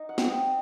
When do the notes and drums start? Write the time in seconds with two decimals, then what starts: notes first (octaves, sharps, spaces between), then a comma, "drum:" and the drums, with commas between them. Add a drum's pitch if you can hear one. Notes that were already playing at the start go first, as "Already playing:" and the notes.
Already playing: D#4
0.09 F#5
0.18 C4, drum: snare
0.28 D#5